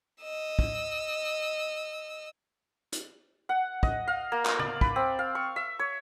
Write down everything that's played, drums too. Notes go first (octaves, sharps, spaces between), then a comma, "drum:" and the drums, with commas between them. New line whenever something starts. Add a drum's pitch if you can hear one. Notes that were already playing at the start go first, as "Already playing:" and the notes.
D#5 E6
drum: kick
drum: hi-hat
F#5
D#5, drum: kick
F5
A#3
drum: clap
D5, drum: tom C#3
B4, drum: kick
C4
F5
C#6
E5
C#5